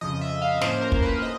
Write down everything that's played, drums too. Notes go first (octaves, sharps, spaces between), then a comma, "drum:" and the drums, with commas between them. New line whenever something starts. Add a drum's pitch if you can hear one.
F2 C#3 F3 D#5
E5
F5
A2 F3 A#3 C#4 C5, drum: snare
A#4
drum: kick
B4
D3 D#5